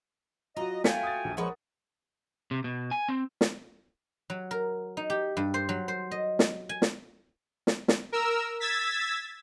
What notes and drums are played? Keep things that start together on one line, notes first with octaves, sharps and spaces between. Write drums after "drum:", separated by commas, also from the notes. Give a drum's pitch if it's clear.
F#3 F4 F#4 D#5 A#5
A3 F4 F#4 G5 G#5 B6 C#7, drum: snare
D#6 A6
A#1
F3 G#3 A#4 B4 C#5 F#5
C3
B2
G#5
C4
drum: snare
F#3
A#4
D#4
G4
G2
C5
F#3
C5
D#5
drum: snare
G#5
drum: snare
drum: snare
drum: snare
A#4 E6
E6 G#6 A6 B6